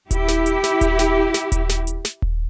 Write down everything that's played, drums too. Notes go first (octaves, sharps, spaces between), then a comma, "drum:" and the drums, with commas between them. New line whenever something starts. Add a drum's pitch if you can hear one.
E4 G4, drum: kick D#1, hi-hat
drum: snare
drum: hi-hat
drum: snare
drum: kick D#1, hi-hat
drum: snare
drum: snare
drum: kick D#1, hi-hat
drum: snare
drum: hi-hat
drum: snare
drum: kick D#1